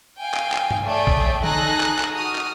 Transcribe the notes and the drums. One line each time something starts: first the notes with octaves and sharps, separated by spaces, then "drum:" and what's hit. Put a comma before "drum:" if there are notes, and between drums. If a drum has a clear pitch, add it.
F5 G5 G#5
drum: clap
drum: clap
drum: tom G2
A3 G#4 C#5 D5 G5
drum: kick A1
D#4 G#4 A4 G#5 F#6 A#6, drum: tom D3
drum: clap
drum: clap
F#4 D#6 F6
drum: clap